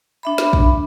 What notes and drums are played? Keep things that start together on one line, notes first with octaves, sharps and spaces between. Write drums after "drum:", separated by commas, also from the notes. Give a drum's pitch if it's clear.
D4 E5 B5
drum: snare
drum: kick